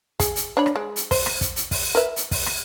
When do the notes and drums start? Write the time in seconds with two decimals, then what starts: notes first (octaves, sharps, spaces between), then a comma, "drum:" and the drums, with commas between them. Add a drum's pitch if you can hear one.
0.20 G#4, drum: kick, hi-hat
0.36 drum: hi-hat
0.57 D4 C#5 B5
0.66 drum: rim click
0.76 G#3
0.96 drum: hi-hat
1.11 C5, drum: kick, open hi-hat
1.26 drum: rim click
1.41 drum: kick, hi-hat
1.56 drum: hi-hat
1.71 drum: kick, open hi-hat
1.95 A#4 B4 E5
2.16 drum: hi-hat
2.31 drum: kick, open hi-hat
2.46 drum: rim click